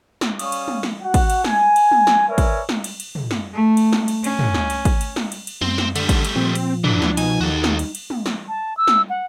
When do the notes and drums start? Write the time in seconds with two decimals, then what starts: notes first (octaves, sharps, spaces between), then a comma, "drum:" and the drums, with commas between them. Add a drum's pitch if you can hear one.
0.21 drum: snare
0.39 G3 C#4 F5 C#6 D#6, drum: cymbal
0.52 drum: cymbal
0.68 drum: tom
0.83 drum: snare
1.03 F#4 F#5
1.14 drum: kick, cymbal
1.30 drum: cymbal
1.44 G#5, drum: snare
1.76 drum: cymbal
1.91 drum: tom
2.07 drum: snare
2.29 A#4 B4 C#5 D5 E5 G#5
2.38 drum: kick, cymbal
2.69 drum: snare
2.84 drum: cymbal
3.00 drum: cymbal
3.15 drum: tom
3.31 drum: snare
3.54 A3
3.77 drum: cymbal
3.93 drum: snare
4.08 drum: cymbal
4.24 C#4, drum: cymbal
4.39 drum: tom
4.54 drum: snare
4.70 drum: cymbal
4.85 drum: kick, cymbal
5.01 drum: cymbal
5.16 drum: snare
5.32 drum: cymbal
5.47 drum: cymbal
5.61 F#2 C4, drum: tom
5.78 drum: snare
5.96 D3 G3 A3, drum: cymbal
6.09 drum: kick, cymbal
6.25 drum: cymbal
6.36 A#2 F3 C4
6.56 drum: cymbal
6.84 E3 F#3 D4, drum: tom
7.02 drum: snare
7.17 B2 D#4 G#5, drum: cymbal
7.41 D#2 F#4 A4
7.64 drum: snare
7.79 drum: cymbal
7.95 drum: cymbal
8.10 drum: tom
8.26 drum: snare
8.48 A5
8.77 E6
8.88 drum: snare
9.10 F#5